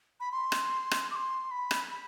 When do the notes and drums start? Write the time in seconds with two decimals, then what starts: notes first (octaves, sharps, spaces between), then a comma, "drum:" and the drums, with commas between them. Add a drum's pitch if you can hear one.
0.20 B5
0.32 C6
0.52 drum: rim click
0.91 drum: rim click
1.11 D6
1.16 C6
1.51 B5
1.71 drum: rim click
1.91 B5